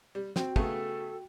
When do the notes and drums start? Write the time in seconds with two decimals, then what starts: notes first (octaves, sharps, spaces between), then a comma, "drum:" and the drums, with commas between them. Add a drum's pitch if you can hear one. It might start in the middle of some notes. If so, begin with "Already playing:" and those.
0.15 G3
0.36 C4 F#4 G5, drum: snare
0.56 C#3 A3 B3 A4, drum: kick